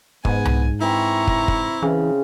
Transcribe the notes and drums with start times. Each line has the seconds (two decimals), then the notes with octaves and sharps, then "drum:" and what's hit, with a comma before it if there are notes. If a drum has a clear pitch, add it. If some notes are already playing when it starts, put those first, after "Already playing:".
0.25 G#2 B3 G#5, drum: kick
0.45 drum: tom C2
0.81 E3 C4 E4 E5 A#5 C#6
1.28 drum: kick
1.48 drum: kick
1.82 C#3 E3